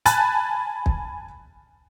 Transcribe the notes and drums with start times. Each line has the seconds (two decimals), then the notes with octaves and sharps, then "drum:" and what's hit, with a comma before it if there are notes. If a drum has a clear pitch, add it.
0.06 G#5 A5 B5 F#6 A6, drum: hi-hat
0.86 drum: kick